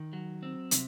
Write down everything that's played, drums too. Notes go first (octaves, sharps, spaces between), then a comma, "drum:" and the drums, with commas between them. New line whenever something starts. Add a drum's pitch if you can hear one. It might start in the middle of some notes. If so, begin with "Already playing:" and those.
Already playing: D#3
F#3
C4
C3, drum: hi-hat